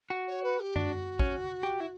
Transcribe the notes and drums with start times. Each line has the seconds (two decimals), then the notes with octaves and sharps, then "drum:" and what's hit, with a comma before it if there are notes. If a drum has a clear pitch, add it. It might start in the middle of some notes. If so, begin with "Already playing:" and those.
0.10 F#4
0.27 C#5
0.43 B4
0.60 G4
0.76 D4 F#4, drum: tom F#2
1.19 C#4, drum: kick
1.63 G4
1.80 E4